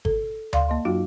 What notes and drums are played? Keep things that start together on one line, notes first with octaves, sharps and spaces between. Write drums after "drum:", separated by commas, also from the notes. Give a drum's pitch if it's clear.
A4, drum: kick G#1
D5 F5 C6, drum: tom D2
A#3 D#5 C6
F#2 F#3 D#4 F4 F#4